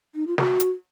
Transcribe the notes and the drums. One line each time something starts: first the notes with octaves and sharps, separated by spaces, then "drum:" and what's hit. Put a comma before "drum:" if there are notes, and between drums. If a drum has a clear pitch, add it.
D#4
F4
F#4, drum: snare
drum: hi-hat